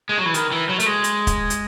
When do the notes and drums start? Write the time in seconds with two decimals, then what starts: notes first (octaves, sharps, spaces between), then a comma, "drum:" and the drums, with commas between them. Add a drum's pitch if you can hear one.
0.09 G#3
0.18 F#3
0.26 E3
0.34 D#3, drum: hi-hat
0.52 E3
0.69 F#3
0.80 A3, drum: hi-hat
0.86 G#3
1.04 drum: hi-hat
1.27 drum: kick, hi-hat
1.50 drum: hi-hat